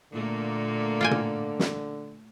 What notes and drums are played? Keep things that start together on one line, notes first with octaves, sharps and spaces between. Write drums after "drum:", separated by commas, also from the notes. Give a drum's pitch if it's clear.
A#2 D3 A3 A#3
F4 G5 G#5
drum: tom
drum: snare